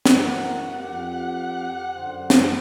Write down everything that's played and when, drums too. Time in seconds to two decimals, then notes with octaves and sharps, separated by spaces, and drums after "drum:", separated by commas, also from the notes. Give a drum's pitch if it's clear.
0.06 drum: snare
0.15 E3 F#4 A#4 F#5
0.80 F2 G4
1.94 F#2 D3 C5
2.30 drum: snare